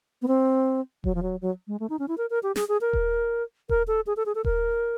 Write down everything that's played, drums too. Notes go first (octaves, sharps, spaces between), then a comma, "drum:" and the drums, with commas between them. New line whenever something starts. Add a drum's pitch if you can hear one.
B3
C4
F#3, drum: kick D#1
F3
F#3
F#3
G#3
A3
D#4
C#4
E4
A#4
A#4
G4
G#4, drum: snare
G#4
A#4
drum: kick D#1
A#4, drum: kick D#1
A4
G#4
A4
G#4
A4
A#4, drum: kick D#1